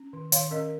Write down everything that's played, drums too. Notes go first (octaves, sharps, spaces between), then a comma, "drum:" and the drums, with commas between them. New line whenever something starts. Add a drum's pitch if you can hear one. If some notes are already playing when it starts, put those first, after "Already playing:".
Already playing: C#4
D#3
D#3 C#5 F5, drum: hi-hat
C#4 A#4 D#5